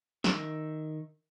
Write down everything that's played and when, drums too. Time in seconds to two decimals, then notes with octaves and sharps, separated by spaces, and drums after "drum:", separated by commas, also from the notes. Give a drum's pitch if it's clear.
0.24 D#3 E5, drum: snare